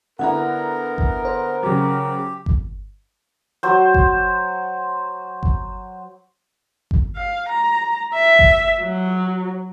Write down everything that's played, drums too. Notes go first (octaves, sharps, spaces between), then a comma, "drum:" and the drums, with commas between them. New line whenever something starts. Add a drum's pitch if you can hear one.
D3 B3 E4 A#4 F#5 A#5
drum: kick G1
C5
C#3 F#3 G4
drum: kick G1
F#3 C5
drum: kick G1
drum: kick G1
drum: kick G1
F5
A#5
E5
drum: kick G1
F#3